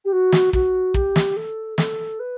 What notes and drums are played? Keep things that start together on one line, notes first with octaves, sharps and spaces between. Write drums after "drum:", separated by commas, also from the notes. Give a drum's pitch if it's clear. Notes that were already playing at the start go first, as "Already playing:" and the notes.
G4
F#4
drum: snare
F#4, drum: kick
G4, drum: kick
drum: snare
A4
A4, drum: snare
B4